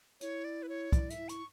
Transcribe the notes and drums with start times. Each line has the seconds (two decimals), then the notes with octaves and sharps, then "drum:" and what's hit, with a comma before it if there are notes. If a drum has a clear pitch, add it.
0.21 E4 C#5, drum: hi-hat
0.44 D5
0.63 B4
0.69 C#5
0.92 E4 D5, drum: kick, hi-hat
1.10 E5, drum: hi-hat
1.17 E4
1.29 C#6, drum: hi-hat